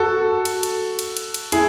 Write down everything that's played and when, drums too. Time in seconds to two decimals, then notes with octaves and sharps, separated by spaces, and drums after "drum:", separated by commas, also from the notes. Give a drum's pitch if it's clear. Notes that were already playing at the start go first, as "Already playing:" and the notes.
Already playing: F#4 A4
0.45 drum: cymbal
0.63 drum: cymbal
0.99 drum: cymbal
1.17 drum: cymbal
1.34 drum: cymbal
1.52 E4 G#4, drum: cymbal